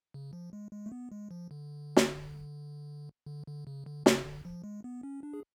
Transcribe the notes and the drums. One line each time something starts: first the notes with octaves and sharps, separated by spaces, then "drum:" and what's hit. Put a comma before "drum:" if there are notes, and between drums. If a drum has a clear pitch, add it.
C#3
F3
G#3
G#3
A3
B3
G#3
F3
D3
drum: snare
D3
D3
C#3
D3
C#3, drum: snare
D3
F3
G#3
B3
C#4
D4
G#4